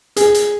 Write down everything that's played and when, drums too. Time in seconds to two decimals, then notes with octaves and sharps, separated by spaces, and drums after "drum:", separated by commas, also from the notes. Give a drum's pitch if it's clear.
0.16 G#4, drum: hi-hat
0.34 drum: hi-hat